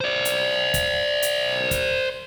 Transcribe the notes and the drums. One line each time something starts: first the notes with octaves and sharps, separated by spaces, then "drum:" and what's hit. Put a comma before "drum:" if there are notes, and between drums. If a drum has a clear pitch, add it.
C5 D5
drum: hi-hat
drum: kick, hi-hat
drum: hi-hat
drum: kick, hi-hat